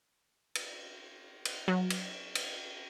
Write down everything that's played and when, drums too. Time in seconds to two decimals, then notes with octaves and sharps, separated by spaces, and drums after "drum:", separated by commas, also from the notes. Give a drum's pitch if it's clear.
0.55 drum: cymbal
1.45 drum: cymbal
1.68 F#3
1.90 drum: cymbal
2.35 drum: cymbal